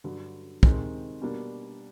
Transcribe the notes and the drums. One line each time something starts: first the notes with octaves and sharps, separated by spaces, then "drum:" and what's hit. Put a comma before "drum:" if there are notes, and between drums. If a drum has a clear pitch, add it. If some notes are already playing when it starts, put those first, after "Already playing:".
G2 D3 F#3
C3 D#3 G#3 C4, drum: kick
B2 G3 A#3 D4